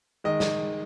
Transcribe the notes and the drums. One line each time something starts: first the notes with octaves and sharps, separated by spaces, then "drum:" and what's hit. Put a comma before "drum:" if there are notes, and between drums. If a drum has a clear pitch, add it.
D#3 G#3 D#5
drum: snare